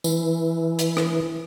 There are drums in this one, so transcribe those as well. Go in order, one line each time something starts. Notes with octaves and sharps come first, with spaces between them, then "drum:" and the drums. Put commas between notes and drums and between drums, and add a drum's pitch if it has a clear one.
E3, drum: tambourine
drum: hi-hat
drum: rim click